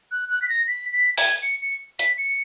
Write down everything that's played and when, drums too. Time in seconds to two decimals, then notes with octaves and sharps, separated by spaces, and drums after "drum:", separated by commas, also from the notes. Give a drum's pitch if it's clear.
0.11 F#6
0.30 F#6
0.42 B6
0.49 A#6
0.68 B6
0.93 B6
1.18 G#6, drum: open hi-hat
1.43 C#7
1.62 C#7
1.99 B6, drum: hi-hat
2.18 C#7